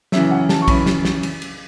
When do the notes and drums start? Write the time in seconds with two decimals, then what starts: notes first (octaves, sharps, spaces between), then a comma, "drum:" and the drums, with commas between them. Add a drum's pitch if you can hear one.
0.12 F#2 C#3 E3 E5, drum: snare
0.31 F#5
0.49 A5, drum: snare
0.61 C#6
0.68 F#2 C#3 E3 B5, drum: kick, cymbal
0.86 drum: snare
1.05 drum: snare
1.23 drum: cymbal
1.42 drum: cymbal